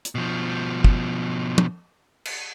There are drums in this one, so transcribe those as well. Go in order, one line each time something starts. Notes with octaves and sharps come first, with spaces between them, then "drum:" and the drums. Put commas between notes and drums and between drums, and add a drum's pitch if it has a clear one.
drum: hi-hat
B2 F3
drum: kick
drum: tom
drum: cymbal